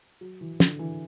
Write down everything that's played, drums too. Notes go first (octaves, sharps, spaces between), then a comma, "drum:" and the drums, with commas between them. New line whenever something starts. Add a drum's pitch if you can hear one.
F#3
E3
D3, drum: snare
E3